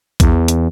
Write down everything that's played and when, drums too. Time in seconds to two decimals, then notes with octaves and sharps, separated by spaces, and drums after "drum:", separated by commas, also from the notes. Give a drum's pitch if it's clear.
0.20 E2, drum: kick A#1, hi-hat
0.48 drum: hi-hat